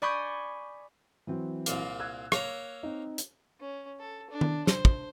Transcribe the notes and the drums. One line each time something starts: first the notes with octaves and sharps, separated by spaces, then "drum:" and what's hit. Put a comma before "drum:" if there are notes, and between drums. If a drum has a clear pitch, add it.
D5 G#5 B5 C#6 D#6 G6
E3 F#3 C4
C2 A#2 A#3, drum: hi-hat
E6 F#6 G#6
A#3 C#5 A#5, drum: rim click
C4 D#4
drum: hi-hat
C#4
A4
D4
drum: tom D#3
C5, drum: snare
drum: kick